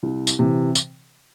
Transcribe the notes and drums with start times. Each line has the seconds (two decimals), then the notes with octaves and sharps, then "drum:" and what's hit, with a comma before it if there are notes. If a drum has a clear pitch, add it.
0.03 C2
0.27 drum: tambourine
0.39 C3 E3
0.75 drum: tambourine